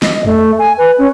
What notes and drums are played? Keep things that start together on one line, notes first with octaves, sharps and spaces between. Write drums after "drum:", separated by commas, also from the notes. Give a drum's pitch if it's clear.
D#5, drum: snare
A3, drum: tom E2
G#5
B4
C#4